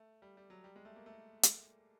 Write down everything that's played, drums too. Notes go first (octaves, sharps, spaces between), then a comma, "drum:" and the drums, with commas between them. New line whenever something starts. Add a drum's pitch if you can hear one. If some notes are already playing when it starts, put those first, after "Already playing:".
Already playing: A3
G3
G3
F#3
G3
G#3
A3
A#3
A3
drum: hi-hat